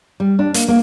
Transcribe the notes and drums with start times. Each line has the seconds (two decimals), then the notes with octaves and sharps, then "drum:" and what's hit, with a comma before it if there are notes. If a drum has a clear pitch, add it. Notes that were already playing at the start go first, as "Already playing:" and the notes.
0.20 G3
0.39 D4
0.54 A#3, drum: hi-hat
0.68 A#3